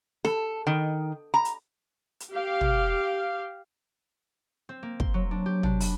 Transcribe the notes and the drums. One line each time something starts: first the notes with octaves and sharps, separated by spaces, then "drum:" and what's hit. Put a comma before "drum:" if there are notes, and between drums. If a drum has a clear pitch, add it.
A4, drum: snare
D#3
A#5
drum: hi-hat
drum: hi-hat
G4 F5
drum: tom
C4
A#3
C6, drum: kick
F#3
D4
G4
D4, drum: tom
B5, drum: open hi-hat